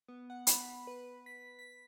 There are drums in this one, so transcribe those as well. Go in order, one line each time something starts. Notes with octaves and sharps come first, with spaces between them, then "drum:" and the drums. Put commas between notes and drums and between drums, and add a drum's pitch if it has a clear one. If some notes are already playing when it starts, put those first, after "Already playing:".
B3
F#5
B5, drum: hi-hat
B4
B6
B6